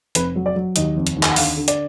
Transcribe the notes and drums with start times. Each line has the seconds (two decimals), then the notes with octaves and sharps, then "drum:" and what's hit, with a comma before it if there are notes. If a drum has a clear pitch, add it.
0.15 F1 B4, drum: hi-hat
0.36 F#3
0.46 D5
0.56 F#3
0.76 D#2 D#5, drum: hi-hat
0.97 F1
1.07 drum: hi-hat
1.17 D#2
1.23 G#5, drum: clap
1.30 F#5
1.36 D3 F5, drum: open hi-hat
1.56 D3
1.68 D5, drum: hi-hat